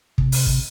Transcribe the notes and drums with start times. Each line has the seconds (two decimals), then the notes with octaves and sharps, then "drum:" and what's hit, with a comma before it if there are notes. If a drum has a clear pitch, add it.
0.18 C3, drum: kick
0.32 drum: open hi-hat
0.46 drum: kick